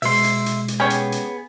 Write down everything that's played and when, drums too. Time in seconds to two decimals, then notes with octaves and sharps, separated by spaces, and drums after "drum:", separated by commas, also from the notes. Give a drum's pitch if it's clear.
0.02 B2 G#3 E5 C6, drum: open hi-hat
0.24 drum: hi-hat
0.46 drum: hi-hat
0.68 drum: hi-hat
0.80 B3 C#4 G4 G#4 C#5
0.90 drum: hi-hat
1.12 drum: hi-hat